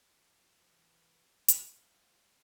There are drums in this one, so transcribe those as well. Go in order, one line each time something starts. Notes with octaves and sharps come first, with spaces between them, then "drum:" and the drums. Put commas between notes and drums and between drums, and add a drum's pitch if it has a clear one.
F3 F4 B4 E5 A5
E3 F4 B4 E5 A5
G3 F4 C5 G5
drum: hi-hat
F4 C5 G5